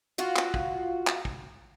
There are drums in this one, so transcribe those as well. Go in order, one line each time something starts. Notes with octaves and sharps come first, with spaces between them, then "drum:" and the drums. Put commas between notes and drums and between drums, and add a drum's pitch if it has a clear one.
F4 F#4
drum: clap
drum: kick
drum: clap
drum: kick